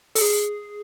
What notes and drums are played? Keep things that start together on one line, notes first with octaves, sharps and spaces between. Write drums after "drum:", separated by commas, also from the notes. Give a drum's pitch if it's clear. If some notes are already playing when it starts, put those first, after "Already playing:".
A4, drum: open hi-hat
G#4